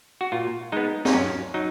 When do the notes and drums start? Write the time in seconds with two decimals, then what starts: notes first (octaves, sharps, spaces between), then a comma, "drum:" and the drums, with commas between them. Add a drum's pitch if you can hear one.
0.21 F#4
0.32 A#2 F4
0.72 G#3 B3 D#4
1.05 D#4, drum: snare
1.13 F#2 C#4
1.54 F#3 D#4